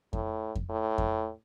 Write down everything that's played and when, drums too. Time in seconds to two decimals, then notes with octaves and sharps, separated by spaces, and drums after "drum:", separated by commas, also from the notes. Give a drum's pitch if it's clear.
0.13 A2, drum: kick F2
0.55 drum: kick F2
0.70 A2
0.98 drum: kick F2